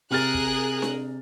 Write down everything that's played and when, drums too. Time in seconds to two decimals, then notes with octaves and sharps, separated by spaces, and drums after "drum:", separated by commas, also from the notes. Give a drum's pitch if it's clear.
0.10 C3 G#4 A#4 F6 F#6 A6
0.34 drum: kick
0.82 drum: snare D4